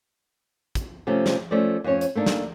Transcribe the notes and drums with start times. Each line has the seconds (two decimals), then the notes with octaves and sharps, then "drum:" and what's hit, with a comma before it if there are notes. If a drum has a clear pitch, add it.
0.75 drum: kick, hi-hat
1.07 C3 F3 A3 C#4
1.26 drum: snare
1.51 F3 A3 C#4 D5
1.84 F2 A3 C#4 C#5
2.01 drum: hi-hat
2.15 A3 A#3 D4 D#4
2.26 drum: snare